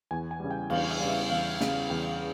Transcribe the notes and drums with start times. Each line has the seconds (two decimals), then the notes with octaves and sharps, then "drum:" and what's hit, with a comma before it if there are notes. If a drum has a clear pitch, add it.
0.11 E2 G#5
0.31 G#5
0.40 C#3 G3
0.51 G5
0.70 E2 F5, drum: cymbal
0.91 E5
1.00 C#3 G3
1.10 E5
1.29 E2 F5
1.61 C#3 G3, drum: snare
1.90 E2 G5